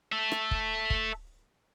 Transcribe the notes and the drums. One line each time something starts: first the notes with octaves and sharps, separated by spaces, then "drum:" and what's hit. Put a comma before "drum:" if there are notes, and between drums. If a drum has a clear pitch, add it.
A4 E5
drum: rim click
drum: kick
drum: kick